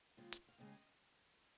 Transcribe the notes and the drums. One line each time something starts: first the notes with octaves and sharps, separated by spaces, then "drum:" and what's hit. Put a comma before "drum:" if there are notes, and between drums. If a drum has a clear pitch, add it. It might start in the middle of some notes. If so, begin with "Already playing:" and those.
D#2 C#3 G#3 F4
drum: hi-hat
F5
D#2 C#3 G#3 D#5